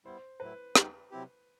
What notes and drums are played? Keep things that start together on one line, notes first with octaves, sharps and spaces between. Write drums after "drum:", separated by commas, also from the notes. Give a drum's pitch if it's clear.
G3 B3 E4 C5
A2 F#3 A3 E4 B4
G3 B3 D#4 G4, drum: rim click
C3 F#3 C4 E4 G4